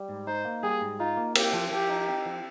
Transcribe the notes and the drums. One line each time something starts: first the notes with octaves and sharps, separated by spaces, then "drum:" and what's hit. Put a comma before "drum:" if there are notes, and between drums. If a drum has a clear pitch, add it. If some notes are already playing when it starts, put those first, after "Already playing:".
Already playing: G3
G#2
D#4 C5
A#3
G3 G#4
G#2
D#4 F4
A#3
C4 G4, drum: cymbal
F3
F3 G4
D#4
C4
F3